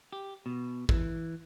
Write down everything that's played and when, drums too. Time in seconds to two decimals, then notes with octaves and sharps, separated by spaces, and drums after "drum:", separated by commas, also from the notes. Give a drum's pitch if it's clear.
0.13 G4
0.46 B2
0.89 E3, drum: kick A1